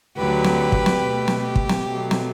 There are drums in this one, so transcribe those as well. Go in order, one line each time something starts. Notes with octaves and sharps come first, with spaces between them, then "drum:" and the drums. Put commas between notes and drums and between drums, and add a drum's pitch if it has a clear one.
D2 D3 F#3 G4 B4
drum: snare
drum: kick
drum: snare
B2 A3
drum: snare
G4
drum: kick
drum: snare
B2 F#3 A3
drum: snare